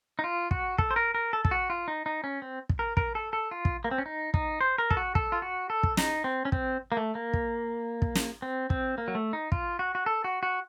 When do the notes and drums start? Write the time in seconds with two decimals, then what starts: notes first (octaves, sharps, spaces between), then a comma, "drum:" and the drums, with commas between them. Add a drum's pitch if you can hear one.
0.19 D#4
0.24 F4
0.51 F#4, drum: kick
0.78 A4, drum: kick
0.91 C5
0.96 A#4
1.15 A#4
1.33 A4
1.45 A4, drum: kick
1.51 F#4
1.70 F4
1.88 D#4
2.06 D#4
2.24 C#4
2.42 C4
2.69 drum: kick
2.79 A#4
2.97 A#4, drum: kick
3.15 A4
3.33 A4
3.51 F4
3.65 drum: kick
3.84 A#3
3.91 C4
3.98 C#4
4.06 D#4
4.34 D#4, drum: kick
4.61 C5
4.78 A#4
4.91 A4, drum: kick
4.97 F#4
5.15 A4, drum: kick
5.32 F4
5.42 F#4
5.70 A4
5.83 drum: kick
5.97 D#4, drum: snare
6.24 C4
6.45 C#4
6.52 C4, drum: kick
6.92 A#3
6.97 A3
7.15 A#3
7.34 drum: kick
8.02 drum: kick
8.15 drum: snare
8.42 C4
8.70 C4, drum: kick
8.98 A#3
9.08 F#3
9.15 A3
9.33 D#4
9.52 F4, drum: kick
9.79 F#4
9.95 F#4
10.06 A4
10.24 F#4
10.43 F#4